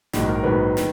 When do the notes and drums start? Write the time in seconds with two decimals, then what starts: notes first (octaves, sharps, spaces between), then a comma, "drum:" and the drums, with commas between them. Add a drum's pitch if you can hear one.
0.13 A#1 G#2 D#3 F#3, drum: snare
0.29 A#4
0.44 A#1 G#2 D#3 F#3 B4
0.77 D#3, drum: snare